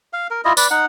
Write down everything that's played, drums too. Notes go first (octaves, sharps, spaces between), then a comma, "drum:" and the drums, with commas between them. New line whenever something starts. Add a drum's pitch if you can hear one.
F5
A#4
E4 F4 D#5
B4 D5, drum: tambourine
D#4 F#5